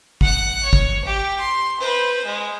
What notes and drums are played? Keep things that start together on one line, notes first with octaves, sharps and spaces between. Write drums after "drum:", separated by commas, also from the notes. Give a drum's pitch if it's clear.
F#5 F#6, drum: kick
C#5
drum: kick
G4
C6
B4 C5
G#3